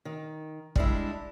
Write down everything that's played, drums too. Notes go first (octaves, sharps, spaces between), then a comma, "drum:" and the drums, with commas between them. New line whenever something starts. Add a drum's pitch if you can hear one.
D#3
G3 G#3 D4 E4, drum: kick